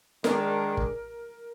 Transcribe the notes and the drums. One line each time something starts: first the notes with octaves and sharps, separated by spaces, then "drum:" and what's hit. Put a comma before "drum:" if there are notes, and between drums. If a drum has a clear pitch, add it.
D#3 G#3 D4 G#4 A#4, drum: snare
drum: kick